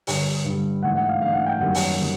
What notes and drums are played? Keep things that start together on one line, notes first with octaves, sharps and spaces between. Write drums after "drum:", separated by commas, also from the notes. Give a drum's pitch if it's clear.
G2 D3 G3, drum: open hi-hat
G2 D3 G3
G#2 E3 A3 D4 F#5
F#5
F5
G#2 E3 A3 D4 F5
F#5
G5
F#2 D#3 G3 A#3 F#5
drum: open hi-hat
D#3 G3 A#3